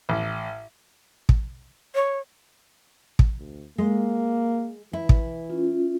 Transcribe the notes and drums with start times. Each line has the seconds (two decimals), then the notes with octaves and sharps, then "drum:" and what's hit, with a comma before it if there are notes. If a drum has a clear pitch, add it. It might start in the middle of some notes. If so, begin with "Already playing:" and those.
0.09 A1
1.29 drum: kick
1.95 C#5
3.19 drum: kick
3.38 D2
3.78 G#3 A#3
4.93 E3 E4
5.09 drum: kick
5.50 C#4 F4